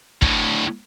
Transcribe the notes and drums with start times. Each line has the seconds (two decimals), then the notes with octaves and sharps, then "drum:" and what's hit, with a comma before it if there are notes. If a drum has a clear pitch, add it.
0.22 D2 A2, drum: kick